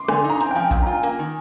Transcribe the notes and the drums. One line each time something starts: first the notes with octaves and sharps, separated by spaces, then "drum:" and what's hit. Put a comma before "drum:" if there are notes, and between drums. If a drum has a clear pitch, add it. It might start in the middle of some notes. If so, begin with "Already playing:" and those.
Already playing: C6 D6
D3 G#5, drum: rim click
D#4
A#5
C4 G#5, drum: hi-hat
G5
F3 G#5
A#2 G5, drum: kick A#1, hi-hat
A#5
F4
G#5
A#3, drum: hi-hat
D#3